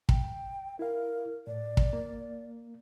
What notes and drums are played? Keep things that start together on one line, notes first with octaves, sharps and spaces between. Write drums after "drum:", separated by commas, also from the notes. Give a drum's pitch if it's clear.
G5, drum: kick
E4 A#4 F5
A2 D5
drum: kick
A#3